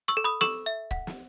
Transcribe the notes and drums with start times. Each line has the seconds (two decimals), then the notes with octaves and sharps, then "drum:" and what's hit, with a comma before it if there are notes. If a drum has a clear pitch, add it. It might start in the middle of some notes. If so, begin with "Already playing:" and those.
0.08 C#6 E6
0.17 A4
0.24 B5 D#6
0.41 A4 C#6 E6, drum: snare
0.66 E5
0.91 F#5, drum: kick
1.07 drum: snare